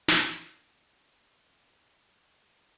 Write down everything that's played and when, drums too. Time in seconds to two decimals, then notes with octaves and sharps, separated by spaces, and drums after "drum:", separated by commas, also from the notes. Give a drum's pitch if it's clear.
0.08 F3 A#3 F5, drum: snare